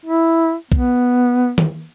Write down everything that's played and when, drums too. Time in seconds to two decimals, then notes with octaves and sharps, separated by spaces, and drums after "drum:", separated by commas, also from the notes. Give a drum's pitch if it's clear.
0.06 E4
0.72 B3, drum: kick B1
1.58 drum: tom D#3